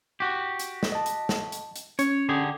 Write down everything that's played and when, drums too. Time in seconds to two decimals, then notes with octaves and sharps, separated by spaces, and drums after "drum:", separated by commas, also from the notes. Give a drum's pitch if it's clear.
0.20 F#4 G4
0.59 drum: hi-hat
0.83 drum: snare
0.92 D#5 A5
1.06 drum: hi-hat
1.29 drum: snare
1.52 drum: hi-hat
1.76 drum: hi-hat
1.99 C#4 C#5, drum: hi-hat
2.29 D3 G4 G#4